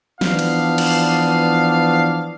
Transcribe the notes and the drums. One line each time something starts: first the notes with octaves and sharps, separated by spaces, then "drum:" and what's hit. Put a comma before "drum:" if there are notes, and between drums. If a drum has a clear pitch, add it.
E3 F3 B3 D4 F5, drum: snare
drum: cymbal
drum: cymbal